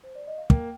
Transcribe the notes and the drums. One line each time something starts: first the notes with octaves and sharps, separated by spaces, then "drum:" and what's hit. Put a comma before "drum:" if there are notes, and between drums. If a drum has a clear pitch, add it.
C5
D5
D#5
F5
A#3 G5, drum: kick